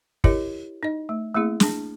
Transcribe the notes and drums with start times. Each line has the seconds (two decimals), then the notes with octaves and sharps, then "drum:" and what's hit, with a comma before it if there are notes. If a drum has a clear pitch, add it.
0.24 E4 G4 A#4 C#5 D#5, drum: kick
0.83 D#4 D#5
1.09 A3
1.34 A3 A#3 C4 E4 G#4
1.60 D4 G#4, drum: snare